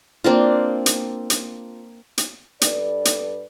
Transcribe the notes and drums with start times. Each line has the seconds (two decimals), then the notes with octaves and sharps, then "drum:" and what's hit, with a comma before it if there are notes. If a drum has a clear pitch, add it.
0.24 A#3 C4 D4 F4
0.86 drum: hi-hat
1.30 drum: hi-hat
2.18 drum: hi-hat
2.61 G2 A4 B4 D5, drum: hi-hat
3.05 drum: hi-hat